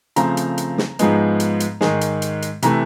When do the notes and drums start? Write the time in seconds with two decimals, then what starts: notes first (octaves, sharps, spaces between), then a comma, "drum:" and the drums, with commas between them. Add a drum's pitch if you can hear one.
0.16 C#3 F3 A3 C4 A#5, drum: hi-hat
0.37 drum: hi-hat
0.58 drum: hi-hat
0.78 drum: snare
0.99 G#2 F3 G#3 B3, drum: hi-hat
1.40 drum: hi-hat
1.60 drum: hi-hat
1.81 G#2 D#3 G#3, drum: snare
2.01 drum: hi-hat
2.22 drum: hi-hat
2.42 drum: hi-hat
2.62 C3 E3 A3 A#5, drum: hi-hat